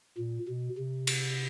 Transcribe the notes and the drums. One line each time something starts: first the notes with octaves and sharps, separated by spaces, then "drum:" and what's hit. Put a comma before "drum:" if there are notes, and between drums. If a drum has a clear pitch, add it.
A#2
B2
C3
drum: cymbal